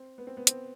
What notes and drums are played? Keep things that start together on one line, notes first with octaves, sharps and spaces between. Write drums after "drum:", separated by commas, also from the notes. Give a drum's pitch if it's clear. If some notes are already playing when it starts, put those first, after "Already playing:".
Already playing: C4
B3
C4
B3
C4, drum: hi-hat